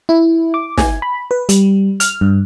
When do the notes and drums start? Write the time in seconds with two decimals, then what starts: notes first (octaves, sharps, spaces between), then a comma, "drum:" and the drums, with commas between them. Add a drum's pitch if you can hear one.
0.09 E4
0.54 D6
0.78 G#5, drum: snare
1.02 B5
1.31 B4
1.49 G3, drum: hi-hat
2.00 F6, drum: hi-hat
2.21 G2